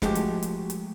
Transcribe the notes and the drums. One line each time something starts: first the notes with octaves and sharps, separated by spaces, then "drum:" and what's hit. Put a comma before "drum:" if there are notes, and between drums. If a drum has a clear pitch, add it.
F3 G#3 A3 F#4 G4, drum: snare
drum: hi-hat
drum: hi-hat
drum: hi-hat